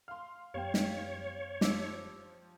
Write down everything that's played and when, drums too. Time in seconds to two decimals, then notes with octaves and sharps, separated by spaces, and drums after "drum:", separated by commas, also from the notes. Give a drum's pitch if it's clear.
0.08 F5 C6 F6
0.54 F#2 B3 G4 C#5 F5 G5
0.74 drum: snare
1.61 F3 G4 D6 E6, drum: snare